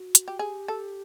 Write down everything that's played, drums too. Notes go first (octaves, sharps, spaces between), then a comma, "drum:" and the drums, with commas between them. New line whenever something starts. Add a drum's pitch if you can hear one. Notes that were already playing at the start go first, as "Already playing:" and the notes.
Already playing: F#4
drum: hi-hat
G4
G4 G#4
A4